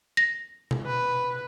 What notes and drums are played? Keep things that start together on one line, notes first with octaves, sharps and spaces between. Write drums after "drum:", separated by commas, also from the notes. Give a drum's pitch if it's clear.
A#6
drum: tom B2
B4